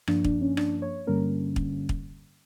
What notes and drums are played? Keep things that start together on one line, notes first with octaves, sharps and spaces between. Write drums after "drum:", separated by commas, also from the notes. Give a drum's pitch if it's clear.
G2 F3 A#3 D4, drum: rim click
D4, drum: kick
C#4
D4, drum: rim click
C#5
G2 D3 G3 A#3 C#4 A#4
drum: kick
drum: kick